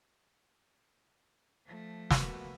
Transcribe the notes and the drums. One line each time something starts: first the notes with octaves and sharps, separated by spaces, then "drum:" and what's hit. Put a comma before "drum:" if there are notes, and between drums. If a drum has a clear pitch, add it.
F3 A3
A#3 B3 F#4, drum: snare